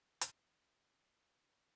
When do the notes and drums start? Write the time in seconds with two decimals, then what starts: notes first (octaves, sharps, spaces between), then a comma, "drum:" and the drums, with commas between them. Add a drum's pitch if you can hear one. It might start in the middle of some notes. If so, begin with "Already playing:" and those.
0.21 drum: hi-hat
0.61 G4 D#5 G5 A#5 C#6 D6